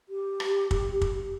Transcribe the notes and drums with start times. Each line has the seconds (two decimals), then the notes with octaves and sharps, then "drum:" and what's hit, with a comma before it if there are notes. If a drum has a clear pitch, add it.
0.09 G4
0.40 drum: rim click
0.71 drum: kick
1.01 drum: kick